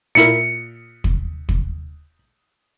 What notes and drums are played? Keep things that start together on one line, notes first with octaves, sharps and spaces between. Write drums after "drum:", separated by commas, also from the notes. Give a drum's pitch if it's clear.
A#2 E4 A#4 C#7
drum: kick
drum: kick